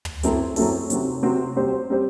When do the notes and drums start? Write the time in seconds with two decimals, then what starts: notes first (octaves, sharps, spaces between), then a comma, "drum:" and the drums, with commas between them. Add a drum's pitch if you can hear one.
0.05 drum: tom
0.23 F#2 F#3 C4 E4 A4, drum: hi-hat
0.56 F#2 F#3 C4 E4 A4, drum: open hi-hat
0.90 C3 F#3 C4 F#4, drum: hi-hat
1.23 C3 F#3 C4 F#4
1.56 G3 C4 G4 C5
1.90 G3 C4 G4 C5